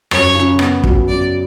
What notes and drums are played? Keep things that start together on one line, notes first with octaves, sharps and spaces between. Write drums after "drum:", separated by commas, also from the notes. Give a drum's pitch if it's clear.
F#2 C#5, drum: rim click
C#3
B3, drum: rim click
F#3, drum: kick
F#2 D5